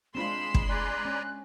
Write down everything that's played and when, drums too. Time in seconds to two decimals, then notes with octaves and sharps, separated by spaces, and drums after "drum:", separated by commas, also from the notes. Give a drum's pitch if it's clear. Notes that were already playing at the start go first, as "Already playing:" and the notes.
0.15 G#3 C4 D4 F4 B5 C6 E7
0.54 drum: kick
0.69 D5 G#5 A#5 F#6
1.05 C#4